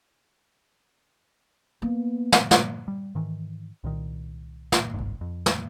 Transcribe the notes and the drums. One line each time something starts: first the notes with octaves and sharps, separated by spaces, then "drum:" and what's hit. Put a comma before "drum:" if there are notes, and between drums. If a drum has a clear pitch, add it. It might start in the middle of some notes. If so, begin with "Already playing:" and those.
A#3 B3
drum: snare
drum: snare
G3
G#2 D#3 E3
C2 A#2 D#3
drum: snare
G1 C2 G#2
F2
drum: snare